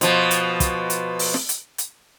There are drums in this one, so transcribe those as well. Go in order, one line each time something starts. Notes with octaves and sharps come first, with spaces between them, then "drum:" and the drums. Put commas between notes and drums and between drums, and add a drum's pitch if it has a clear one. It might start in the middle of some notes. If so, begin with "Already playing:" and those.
B2 F3, drum: hi-hat
drum: hi-hat
drum: kick, hi-hat
drum: hi-hat
drum: open hi-hat
drum: snare
drum: hi-hat
drum: hi-hat